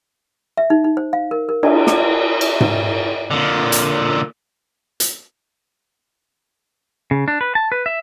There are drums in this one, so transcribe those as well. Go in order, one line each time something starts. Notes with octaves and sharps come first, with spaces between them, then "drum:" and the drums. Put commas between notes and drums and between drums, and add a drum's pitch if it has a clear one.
E5
D#4
D#4
C5
F5
A#4
A#4
D4, drum: cymbal
A4, drum: snare
drum: cymbal
drum: tom G#2
A#2 D3
drum: hi-hat
drum: hi-hat
C#3
D4
B4
A5
B4
E5